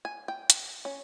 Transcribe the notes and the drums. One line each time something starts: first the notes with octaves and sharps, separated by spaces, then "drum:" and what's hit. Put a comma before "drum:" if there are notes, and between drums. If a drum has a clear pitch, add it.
G#5
G5
drum: hi-hat
C#4